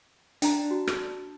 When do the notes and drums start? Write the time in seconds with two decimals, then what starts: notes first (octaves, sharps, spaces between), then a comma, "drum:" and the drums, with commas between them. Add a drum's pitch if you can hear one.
0.42 D4 G5 A5 A#5, drum: hi-hat
0.71 F#4
0.87 drum: rim click